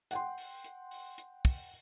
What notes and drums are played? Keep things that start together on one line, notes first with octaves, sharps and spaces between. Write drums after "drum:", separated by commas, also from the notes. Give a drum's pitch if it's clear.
F#5 G5 C6, drum: hi-hat
drum: open hi-hat
drum: hi-hat
drum: open hi-hat
drum: hi-hat
drum: kick, open hi-hat